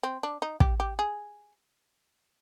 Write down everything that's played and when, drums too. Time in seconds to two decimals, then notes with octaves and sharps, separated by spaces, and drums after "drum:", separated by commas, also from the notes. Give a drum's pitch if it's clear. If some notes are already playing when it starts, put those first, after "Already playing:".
0.03 C4
0.23 D4
0.42 D#4
0.60 G4, drum: kick
0.80 G4
0.99 G#4